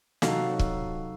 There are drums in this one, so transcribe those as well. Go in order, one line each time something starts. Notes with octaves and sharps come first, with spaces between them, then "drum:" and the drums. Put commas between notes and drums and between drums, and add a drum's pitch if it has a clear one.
C3 F#3 D#4 F#4 A4 F5, drum: snare
drum: kick